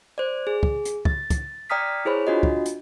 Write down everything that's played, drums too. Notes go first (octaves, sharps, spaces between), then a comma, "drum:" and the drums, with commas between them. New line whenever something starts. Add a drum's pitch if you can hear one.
C5 D5
G#4
drum: kick
drum: hi-hat
A6, drum: kick
drum: kick, hi-hat
D5 G5 A#5 D#6 F6 B6
E4 G#4 C5 C#5 B5
D4 F4 F#4 D#5
drum: kick
drum: hi-hat